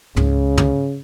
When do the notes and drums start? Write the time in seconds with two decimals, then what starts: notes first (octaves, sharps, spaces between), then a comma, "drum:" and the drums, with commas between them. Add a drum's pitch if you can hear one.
0.16 C#2 C#3, drum: tom
0.57 drum: tom